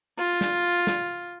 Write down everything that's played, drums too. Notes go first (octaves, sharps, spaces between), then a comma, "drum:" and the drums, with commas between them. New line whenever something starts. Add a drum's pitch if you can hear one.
F4
drum: snare
drum: snare